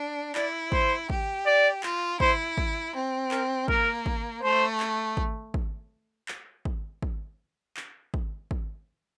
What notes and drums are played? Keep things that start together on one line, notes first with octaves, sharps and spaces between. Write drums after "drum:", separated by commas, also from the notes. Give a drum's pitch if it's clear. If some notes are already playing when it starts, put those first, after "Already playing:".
Already playing: D4
E4 D5, drum: clap
C5, drum: kick
G4, drum: kick
D5
F4, drum: clap
E4 C5, drum: kick
drum: kick
C4
A#4, drum: clap
A#3 A#4, drum: kick
drum: kick
A3 C5
drum: clap
drum: kick
drum: kick
drum: clap
drum: kick
drum: kick
drum: clap
drum: kick
drum: kick